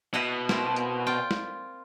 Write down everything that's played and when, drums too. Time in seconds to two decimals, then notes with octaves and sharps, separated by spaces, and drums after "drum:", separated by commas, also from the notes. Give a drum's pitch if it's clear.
0.14 B2 E4 D#5 F#5
0.49 A#3 C4 E4, drum: snare
0.76 drum: hi-hat
1.07 F4 D5 G5
1.31 drum: snare